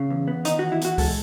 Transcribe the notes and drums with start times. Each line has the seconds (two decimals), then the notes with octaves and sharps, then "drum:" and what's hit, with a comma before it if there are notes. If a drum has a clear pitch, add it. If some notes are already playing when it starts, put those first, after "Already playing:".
Already playing: C#3
0.10 E2
0.28 B3
0.45 D#3 D#4, drum: hi-hat
0.59 E2 F#4
0.72 E4
0.81 E2 F#4, drum: hi-hat
0.98 G#3 A4, drum: kick C#2, open hi-hat